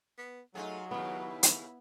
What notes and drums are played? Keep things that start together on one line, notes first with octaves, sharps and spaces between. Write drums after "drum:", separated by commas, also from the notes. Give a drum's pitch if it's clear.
B3
F#3 A3 D#4 F4 G#4
D#2 C#3 B3 E4
drum: hi-hat